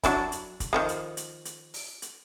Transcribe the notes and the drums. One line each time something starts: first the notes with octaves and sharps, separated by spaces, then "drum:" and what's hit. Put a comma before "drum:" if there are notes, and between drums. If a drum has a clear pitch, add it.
F#3 D4 E4, drum: kick, hi-hat
drum: hi-hat
drum: kick, hi-hat
D#3 F3 G#3
drum: hi-hat
drum: hi-hat
drum: hi-hat
drum: open hi-hat
drum: hi-hat